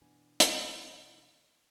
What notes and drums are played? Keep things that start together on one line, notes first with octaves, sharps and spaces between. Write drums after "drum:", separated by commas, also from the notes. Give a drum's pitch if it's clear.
B2 E3 B3 D4 G#5
drum: hi-hat